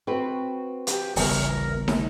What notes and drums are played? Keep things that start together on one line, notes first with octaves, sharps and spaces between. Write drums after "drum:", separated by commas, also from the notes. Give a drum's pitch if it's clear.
C4 F#4 B4
G4, drum: hi-hat
D#1 A1 C#3 E3 G3 B3 A#4, drum: open hi-hat
drum: snare